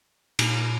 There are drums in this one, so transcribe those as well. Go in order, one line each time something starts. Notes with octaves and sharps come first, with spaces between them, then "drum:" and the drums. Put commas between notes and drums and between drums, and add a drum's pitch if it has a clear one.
A#2, drum: cymbal